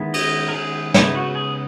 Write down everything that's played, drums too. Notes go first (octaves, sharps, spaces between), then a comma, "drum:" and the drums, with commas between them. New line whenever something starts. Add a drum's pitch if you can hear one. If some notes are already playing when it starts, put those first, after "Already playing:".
Already playing: D#3 G#3 B3 E4
D#5, drum: cymbal
A#4
G#4
C#3 G#3 B3 D#4 E4, drum: snare
F#4
G#4